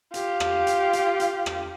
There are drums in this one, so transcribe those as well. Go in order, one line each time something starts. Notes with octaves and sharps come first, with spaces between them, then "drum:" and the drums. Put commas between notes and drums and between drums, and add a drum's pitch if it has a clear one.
F4 G4, drum: hi-hat
drum: rim click
drum: hi-hat
drum: hi-hat
drum: hi-hat
drum: rim click